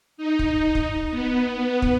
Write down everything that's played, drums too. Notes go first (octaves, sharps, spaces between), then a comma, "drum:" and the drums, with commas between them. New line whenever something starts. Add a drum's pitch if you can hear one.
D#4
drum: kick
drum: kick
B3
drum: kick